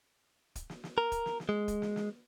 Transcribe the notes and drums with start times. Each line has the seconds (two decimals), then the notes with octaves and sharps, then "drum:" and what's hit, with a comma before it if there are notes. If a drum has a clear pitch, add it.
0.56 drum: kick, hi-hat
0.70 drum: snare
0.84 drum: snare
0.98 A#4
1.12 drum: kick, hi-hat
1.26 drum: snare
1.40 drum: snare
1.49 G#3
1.68 drum: kick, hi-hat
1.82 drum: snare
1.96 drum: snare